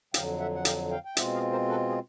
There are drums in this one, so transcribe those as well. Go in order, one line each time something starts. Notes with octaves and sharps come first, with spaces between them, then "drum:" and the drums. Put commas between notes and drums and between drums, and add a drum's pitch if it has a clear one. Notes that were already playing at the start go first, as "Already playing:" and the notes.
F2 D3 F#3 F5 G5, drum: hi-hat
E5 F#5
F#5
F5 G5, drum: hi-hat
F5 G5
G5
B2 G#3 C4 F4 E5 F#5, drum: hi-hat
D#5 F5
A#4 C5
A4 B4
G#4